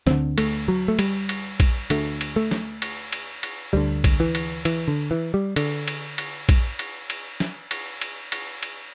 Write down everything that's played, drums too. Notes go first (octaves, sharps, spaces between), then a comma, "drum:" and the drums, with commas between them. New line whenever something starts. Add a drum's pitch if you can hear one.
D2 D3 C4, drum: snare
A3, drum: cymbal
F#3
A3
G3, drum: cymbal
drum: cymbal
drum: kick A#1, cymbal
D2 D3 A3, drum: cymbal
drum: cymbal
A3
drum: snare
drum: cymbal
drum: cymbal
drum: cymbal
D2 D3 G3
drum: kick A#1, cymbal
E3
drum: cymbal
E3, drum: cymbal
D3
E3
G3
D3, drum: cymbal
drum: cymbal
drum: cymbal
drum: kick A#1, cymbal
drum: cymbal
drum: cymbal
drum: snare
drum: cymbal
drum: cymbal
drum: cymbal
drum: cymbal